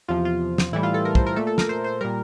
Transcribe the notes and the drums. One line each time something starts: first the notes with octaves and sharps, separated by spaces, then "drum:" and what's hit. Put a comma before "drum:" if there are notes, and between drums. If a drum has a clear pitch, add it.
E2 C3 F3 F4
F4
drum: snare
A2 E3 G3 E4
F4
A4
A#4
C5, drum: kick
A#4
A#2 A3 A4
A4
A#4, drum: snare
C5
C5
A#2 G3 A#4